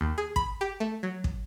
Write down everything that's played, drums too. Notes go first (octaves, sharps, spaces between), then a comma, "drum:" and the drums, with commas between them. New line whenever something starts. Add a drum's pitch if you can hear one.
D#2
G#4
B5, drum: kick
G4
A3
F#3
drum: kick